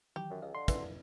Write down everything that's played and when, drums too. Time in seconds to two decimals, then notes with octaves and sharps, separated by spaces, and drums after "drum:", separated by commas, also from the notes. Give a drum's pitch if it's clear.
0.16 D#3 E3 F#3 G4
0.30 F#2
0.42 C#2 D#5 F5
0.55 D3 C6
0.68 E3, drum: kick, hi-hat